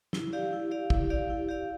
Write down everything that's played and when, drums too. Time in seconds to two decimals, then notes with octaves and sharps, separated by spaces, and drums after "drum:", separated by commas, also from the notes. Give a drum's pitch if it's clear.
0.13 E4, drum: snare
0.33 G4 D5 F5
0.53 E4
0.71 G4 D5 F5
0.90 E4, drum: kick
1.10 G4 D5 F5
1.30 E4
1.49 G4 D5 F5